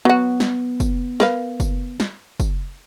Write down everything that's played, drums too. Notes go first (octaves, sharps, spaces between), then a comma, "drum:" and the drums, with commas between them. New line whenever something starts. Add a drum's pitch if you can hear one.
F#3 B3 F#4
drum: snare
drum: kick, tambourine
A#4 B4 F5, drum: snare
drum: kick, tambourine
drum: snare
drum: kick, tambourine